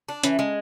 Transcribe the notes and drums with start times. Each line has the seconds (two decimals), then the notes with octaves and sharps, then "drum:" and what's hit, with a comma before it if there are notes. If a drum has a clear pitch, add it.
0.09 D4
0.23 E3 C#4, drum: hi-hat
0.39 G#3